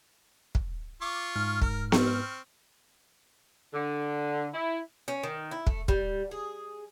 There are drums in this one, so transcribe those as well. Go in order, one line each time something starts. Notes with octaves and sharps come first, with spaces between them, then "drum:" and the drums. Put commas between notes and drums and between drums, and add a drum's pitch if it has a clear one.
drum: kick
F4 C#6 D6
G#2 F6
A#4, drum: kick
C4 C#6, drum: snare B3
D3
E4
C#4
D#3
E4
A3, drum: kick
G3, drum: kick
G#4